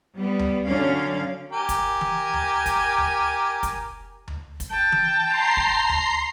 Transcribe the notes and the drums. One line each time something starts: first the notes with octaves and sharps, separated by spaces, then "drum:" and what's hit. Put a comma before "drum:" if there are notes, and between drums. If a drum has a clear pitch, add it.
G3 B3
drum: tom D2
D3 F#3 C#4 D4 F5
G4 A#4 G#5
drum: kick, hi-hat
drum: tom E3
drum: tom D2
drum: kick, hi-hat
drum: tom D2
drum: kick, hi-hat
drum: tom D2
drum: kick, hi-hat
G5 A5
drum: tom E3
A#5 C6 C7
drum: kick
drum: tom D2